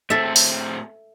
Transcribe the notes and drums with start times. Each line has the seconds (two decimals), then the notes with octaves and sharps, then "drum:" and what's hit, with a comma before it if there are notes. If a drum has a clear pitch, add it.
0.10 A2 C4 A4 E5
0.36 drum: open hi-hat